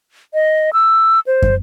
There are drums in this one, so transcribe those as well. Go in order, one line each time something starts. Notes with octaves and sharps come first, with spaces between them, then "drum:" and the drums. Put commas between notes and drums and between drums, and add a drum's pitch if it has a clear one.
D#5
E6
C5
drum: kick